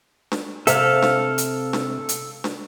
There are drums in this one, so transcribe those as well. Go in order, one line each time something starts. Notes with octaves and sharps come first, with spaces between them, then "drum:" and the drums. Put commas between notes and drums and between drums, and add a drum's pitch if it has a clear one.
drum: snare D4
C3 A4 C5 E5 F5, drum: hi-hat
drum: snare D4
drum: hi-hat
drum: snare D4
drum: hi-hat
drum: snare D4